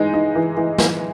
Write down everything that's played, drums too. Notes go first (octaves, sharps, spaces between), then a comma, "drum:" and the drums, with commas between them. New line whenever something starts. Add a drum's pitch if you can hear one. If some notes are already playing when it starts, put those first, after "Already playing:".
Already playing: E3 G#3 D#4
D#4
E3
E3
E3, drum: snare